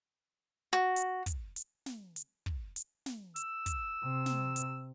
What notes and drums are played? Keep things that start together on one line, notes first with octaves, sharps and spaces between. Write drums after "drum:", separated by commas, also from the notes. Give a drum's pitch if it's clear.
F#4
drum: hi-hat
drum: kick, hi-hat
drum: hi-hat
drum: snare
drum: hi-hat
drum: kick
drum: hi-hat
drum: snare
E6, drum: hi-hat
drum: kick, hi-hat
C3
drum: snare
drum: hi-hat